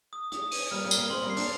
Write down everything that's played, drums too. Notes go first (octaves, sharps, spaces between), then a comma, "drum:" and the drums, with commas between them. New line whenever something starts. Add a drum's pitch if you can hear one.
D#6
D#6, drum: hi-hat
D#7, drum: open hi-hat
G3 A#3 F6
G3 A#3
G7, drum: tambourine
G3 A#3
G#3 C4 C6
G3 A#3
C7
A#3 D4, drum: open hi-hat